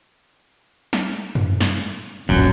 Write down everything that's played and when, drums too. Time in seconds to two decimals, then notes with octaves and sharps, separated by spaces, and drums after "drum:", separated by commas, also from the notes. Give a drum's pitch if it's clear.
0.93 drum: snare
1.35 drum: tom F#2
1.61 drum: snare
2.29 D#1 A#1 F#2, drum: tom G2